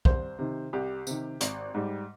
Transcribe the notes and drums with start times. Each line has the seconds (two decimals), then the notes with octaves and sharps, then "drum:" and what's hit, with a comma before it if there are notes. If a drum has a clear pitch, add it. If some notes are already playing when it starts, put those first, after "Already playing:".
0.05 C2 C5, drum: kick
0.39 C3 D#3
0.73 C2 G4
1.07 C3 D#3, drum: tambourine
1.41 G#1, drum: hi-hat
1.75 G#2 G3